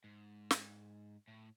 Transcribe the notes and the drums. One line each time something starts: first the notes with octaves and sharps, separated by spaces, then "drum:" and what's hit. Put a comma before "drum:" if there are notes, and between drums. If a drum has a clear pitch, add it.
G#2
drum: snare
A2